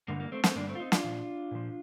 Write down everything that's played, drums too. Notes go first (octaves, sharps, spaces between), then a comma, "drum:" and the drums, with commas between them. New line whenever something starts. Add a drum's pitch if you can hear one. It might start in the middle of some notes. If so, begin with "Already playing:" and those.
G2 D3 G3 A#3
A#3
A3 C4
A3 C4, drum: snare
G2 D3 G3 A#3 D4
A3 C4
F4
C4 D#4
D4 F4, drum: snare
A#2 F3
A#2 F3